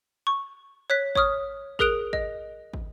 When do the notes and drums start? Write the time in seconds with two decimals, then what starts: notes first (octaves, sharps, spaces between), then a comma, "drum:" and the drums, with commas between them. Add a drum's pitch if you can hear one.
0.27 C#6
0.90 C#5 F#6 B6
1.15 C#5 C#6 D#6 F6, drum: kick
1.79 G#4 A#4 D#6 F#6 D7 F7, drum: kick
2.13 D#5, drum: kick
2.74 drum: kick